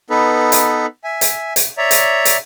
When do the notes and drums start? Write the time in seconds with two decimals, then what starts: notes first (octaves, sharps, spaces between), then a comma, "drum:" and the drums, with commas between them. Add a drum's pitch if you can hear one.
0.10 B3 D#4 A4 B4
0.52 drum: hi-hat
1.04 E5 G#5
1.21 drum: hi-hat
1.56 drum: hi-hat
1.77 C#5 D5 E5 A#5
1.91 drum: hi-hat
2.25 drum: hi-hat